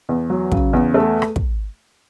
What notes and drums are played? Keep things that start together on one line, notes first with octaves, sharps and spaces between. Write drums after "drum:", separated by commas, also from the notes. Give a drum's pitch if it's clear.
E2
F#3
C#3, drum: kick
E2
A3
drum: rim click
drum: kick